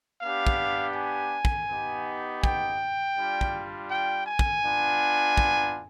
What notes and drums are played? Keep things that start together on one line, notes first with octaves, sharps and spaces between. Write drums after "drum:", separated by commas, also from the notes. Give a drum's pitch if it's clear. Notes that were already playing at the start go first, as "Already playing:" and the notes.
B3 D4 G4 F5
drum: kick
G#5
drum: kick
B3 D#4 G4
G5, drum: kick
G3 D4 F4
drum: kick
G5
G#5
drum: kick
B3 D4 F4
drum: kick